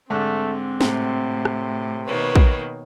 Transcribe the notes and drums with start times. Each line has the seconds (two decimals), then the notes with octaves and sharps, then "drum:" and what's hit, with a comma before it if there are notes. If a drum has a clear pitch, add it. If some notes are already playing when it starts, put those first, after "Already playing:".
0.10 G#2 D3 A3 C4
0.81 A2 C3, drum: snare
1.45 drum: rim click
2.06 B2 D#3 A#3 B4 C#5
2.35 drum: kick